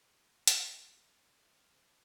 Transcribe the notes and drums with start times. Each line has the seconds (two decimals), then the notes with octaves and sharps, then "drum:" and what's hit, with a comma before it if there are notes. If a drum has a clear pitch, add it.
0.47 drum: hi-hat
1.40 D#4 F5 F6
1.66 F#1 C4 G#6